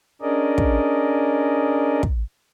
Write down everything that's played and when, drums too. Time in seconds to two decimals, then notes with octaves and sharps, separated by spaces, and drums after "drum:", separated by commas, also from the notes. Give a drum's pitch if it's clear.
0.22 C#4 D4 G#4 A#4 D5 D#5
0.58 drum: kick
2.03 drum: kick